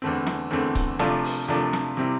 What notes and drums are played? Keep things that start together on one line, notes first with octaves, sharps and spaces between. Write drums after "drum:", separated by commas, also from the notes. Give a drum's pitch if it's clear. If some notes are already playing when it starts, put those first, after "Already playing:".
E2 D3 A3 C4
drum: snare
E2 D3 A3 C4
drum: kick C#1, hi-hat
C3 F3 A3 D4 F4, drum: snare
drum: open hi-hat
C3 F3 A3 D4 F4
drum: snare
C3 G3 C4 E4